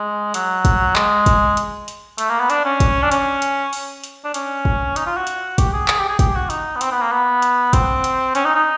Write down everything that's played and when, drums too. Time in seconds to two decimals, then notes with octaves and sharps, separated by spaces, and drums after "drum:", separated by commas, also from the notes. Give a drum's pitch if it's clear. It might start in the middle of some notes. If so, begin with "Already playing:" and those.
Already playing: G#3
0.34 F#3, drum: hi-hat
0.65 drum: kick, hi-hat
0.96 G#3, drum: clap
1.26 drum: kick, hi-hat
1.57 drum: hi-hat
1.88 drum: hi-hat
2.18 A3, drum: hi-hat
2.29 A#3
2.40 B3
2.50 D4, drum: hi-hat
2.65 C#4
2.80 drum: kick, hi-hat
3.03 D4
3.12 C#4, drum: hi-hat
3.42 drum: hi-hat
3.73 drum: open hi-hat
4.04 drum: hi-hat
4.24 D4
4.34 C#4, drum: hi-hat
4.65 drum: kick
4.96 D#4, drum: hi-hat
5.06 F4
5.17 F#4
5.27 drum: hi-hat
5.58 G4, drum: kick, hi-hat
5.73 G#4
5.88 G#4, drum: clap
5.99 G4
6.09 G#4
6.19 G4, drum: kick, hi-hat
6.35 F#4
6.50 D#4, drum: hi-hat
6.76 B3
6.81 C4, drum: hi-hat
6.92 B3
7.02 A#3
7.12 B3
7.42 drum: hi-hat
7.73 C4, drum: kick, hi-hat
8.04 drum: hi-hat
8.35 C#4, drum: hi-hat
8.45 D#4
8.55 D#4